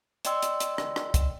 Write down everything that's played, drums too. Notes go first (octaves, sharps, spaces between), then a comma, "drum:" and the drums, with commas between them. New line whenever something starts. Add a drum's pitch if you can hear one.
D5 D#5 G5 C6 E6, drum: hi-hat
drum: hi-hat
drum: hi-hat
drum: rim click
drum: rim click
drum: kick, hi-hat